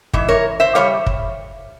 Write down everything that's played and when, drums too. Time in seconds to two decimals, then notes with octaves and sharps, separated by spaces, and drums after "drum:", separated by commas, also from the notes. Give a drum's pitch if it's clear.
0.14 G#2 E3 E5, drum: kick
0.28 A#4 C#5
0.60 C5 E5
0.75 E3 G3 C#5 F5
1.06 drum: kick